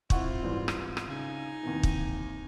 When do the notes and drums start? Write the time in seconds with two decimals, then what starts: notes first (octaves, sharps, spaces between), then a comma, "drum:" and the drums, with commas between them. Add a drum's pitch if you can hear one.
0.10 C4 E4 F4 F#5 C#6, drum: kick
0.42 G#2 E3 G3
0.68 drum: rim click
0.97 drum: rim click
1.09 C#3 D#4 G#5
1.63 D#2 C3 E3
1.83 drum: kick